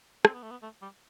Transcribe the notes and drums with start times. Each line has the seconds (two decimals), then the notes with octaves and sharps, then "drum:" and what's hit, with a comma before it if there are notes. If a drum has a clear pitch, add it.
0.25 C4, drum: rim click
0.34 B3
0.43 A3
0.51 B3
0.62 A3
0.82 G3